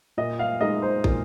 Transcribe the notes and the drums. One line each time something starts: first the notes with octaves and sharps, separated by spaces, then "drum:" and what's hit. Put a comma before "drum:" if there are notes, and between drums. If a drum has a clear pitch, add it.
A#2 D#5
F5
G#3 D#4 D#5
C5
A#2, drum: kick